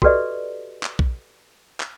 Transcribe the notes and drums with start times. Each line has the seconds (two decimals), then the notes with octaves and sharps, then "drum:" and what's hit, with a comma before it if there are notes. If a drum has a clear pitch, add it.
0.02 F#4 G4 A4 B4 D5 D#5, drum: kick
0.83 drum: clap
0.99 drum: kick
1.80 drum: clap